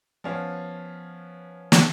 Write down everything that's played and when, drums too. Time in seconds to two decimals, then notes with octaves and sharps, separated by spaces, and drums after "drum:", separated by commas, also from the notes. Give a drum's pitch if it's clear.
0.24 F3 B3 C#4 F5
1.72 drum: snare